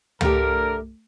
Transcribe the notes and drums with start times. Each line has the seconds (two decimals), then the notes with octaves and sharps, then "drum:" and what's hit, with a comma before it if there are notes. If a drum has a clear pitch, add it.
0.21 D3 A3 G4 A#4, drum: tom